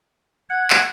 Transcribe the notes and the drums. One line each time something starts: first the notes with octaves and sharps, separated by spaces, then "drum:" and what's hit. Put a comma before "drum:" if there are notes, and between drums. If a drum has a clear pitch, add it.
F#5 G#6
drum: clap